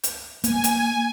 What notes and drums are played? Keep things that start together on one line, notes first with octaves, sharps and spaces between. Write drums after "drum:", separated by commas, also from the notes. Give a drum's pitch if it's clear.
drum: hi-hat
A#3 G#5, drum: hi-hat
drum: hi-hat